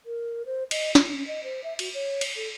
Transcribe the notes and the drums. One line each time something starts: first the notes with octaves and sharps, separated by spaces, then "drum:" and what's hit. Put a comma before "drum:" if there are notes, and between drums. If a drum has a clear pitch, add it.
A#4
C5
D#5, drum: cymbal
F4, drum: snare
C#4
D#5
C5
E5
F#4, drum: cymbal
C#5
drum: cymbal
A4